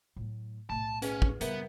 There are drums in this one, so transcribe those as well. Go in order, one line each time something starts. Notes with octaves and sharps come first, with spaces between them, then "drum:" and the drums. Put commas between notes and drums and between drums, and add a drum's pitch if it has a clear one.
A2 F#3
B1 A2 A5
C#4 G#4 B4, drum: hi-hat
drum: kick
C#3 G3 B3 A#4 B4 E5, drum: hi-hat